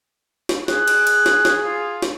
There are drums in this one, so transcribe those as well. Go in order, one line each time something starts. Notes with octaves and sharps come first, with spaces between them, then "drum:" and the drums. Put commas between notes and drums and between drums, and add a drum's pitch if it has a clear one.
drum: snare
G#4 F#6, drum: snare
drum: cymbal
drum: cymbal
drum: snare
drum: snare
F4
drum: snare